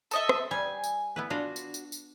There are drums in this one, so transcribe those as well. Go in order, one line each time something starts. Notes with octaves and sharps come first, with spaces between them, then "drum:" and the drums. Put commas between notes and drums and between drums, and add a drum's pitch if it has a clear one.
A4 D#5 E5, drum: tambourine
drum: rim click
G3 G#5
drum: tambourine
B3 E4 B4
D4 F4 F#4
drum: tambourine
drum: tambourine
drum: tambourine